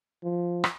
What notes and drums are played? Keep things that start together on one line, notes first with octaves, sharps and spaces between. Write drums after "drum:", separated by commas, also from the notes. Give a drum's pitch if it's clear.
F3
drum: rim click